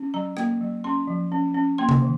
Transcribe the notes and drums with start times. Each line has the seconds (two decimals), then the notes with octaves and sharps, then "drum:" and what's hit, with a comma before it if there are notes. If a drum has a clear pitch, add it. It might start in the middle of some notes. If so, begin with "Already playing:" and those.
Already playing: C#4
0.14 F#3 A#5
0.37 A#3, drum: rim click
0.61 F#3
0.84 C#4 C6
1.07 F3
1.32 C#4
1.54 C#4
1.78 A#3 C6
1.89 drum: tom C3
2.02 D#3